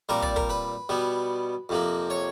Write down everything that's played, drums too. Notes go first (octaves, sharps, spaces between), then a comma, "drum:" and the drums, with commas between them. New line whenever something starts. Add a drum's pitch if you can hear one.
A#2 G3 C4 A#4
D5, drum: kick
A#4, drum: kick
B4
B2 G3 B3
F2 C3 F3 A#3
C#5